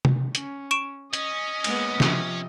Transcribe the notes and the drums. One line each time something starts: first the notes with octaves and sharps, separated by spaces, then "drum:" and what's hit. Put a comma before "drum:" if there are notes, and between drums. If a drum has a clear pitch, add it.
drum: tom C3
C#4, drum: hi-hat
C#6 D7 E7
C#4 D#5, drum: hi-hat
G#3 A#3 B3, drum: cymbal
C3 F3, drum: snare